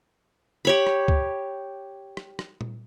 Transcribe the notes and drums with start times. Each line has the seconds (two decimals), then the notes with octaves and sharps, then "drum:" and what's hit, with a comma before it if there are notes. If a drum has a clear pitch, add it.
0.65 G4 C#5 B5
0.87 drum: rim click
1.08 drum: kick C#2
2.17 drum: rim click
2.39 drum: rim click
2.61 drum: tom A#2